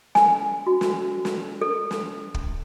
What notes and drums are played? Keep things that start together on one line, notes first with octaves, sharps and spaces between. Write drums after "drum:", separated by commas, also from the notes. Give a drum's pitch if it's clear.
G#5, drum: snare
F#4
drum: snare
drum: snare
A4
drum: snare
drum: kick